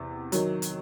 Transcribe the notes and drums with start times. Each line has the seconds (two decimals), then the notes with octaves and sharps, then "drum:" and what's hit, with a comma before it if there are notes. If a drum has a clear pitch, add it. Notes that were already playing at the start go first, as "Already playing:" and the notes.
Already playing: E2 C3
0.32 D#3 F#3, drum: hi-hat
0.62 drum: hi-hat